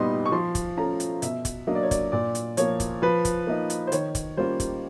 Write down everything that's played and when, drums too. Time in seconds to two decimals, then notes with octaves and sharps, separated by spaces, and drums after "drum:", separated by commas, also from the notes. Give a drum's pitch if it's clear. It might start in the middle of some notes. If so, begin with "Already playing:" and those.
Already playing: A#2 G3 B3 D#4 C6
0.26 C#6
0.32 F3 C6
0.55 drum: kick, hi-hat
0.77 A3 C#4 F4 A#5
1.00 drum: hi-hat
1.22 B2 E5, drum: hi-hat
1.45 drum: kick, hi-hat
1.67 F#3 A#3 D4 D#5
1.75 D5
1.83 C#5
1.91 D5, drum: kick, hi-hat
2.12 A#2 D5
2.35 drum: hi-hat
2.57 F3 A#3 C#5, drum: hi-hat
2.80 drum: kick, hi-hat
3.02 F3 B4
3.25 drum: kick, hi-hat
3.47 A#3 D#4
3.70 drum: hi-hat
3.87 C5
3.92 D#3 C#5, drum: hi-hat
4.15 drum: kick, hi-hat
4.37 G3 A#3 C#4 F4 C5
4.60 drum: kick, hi-hat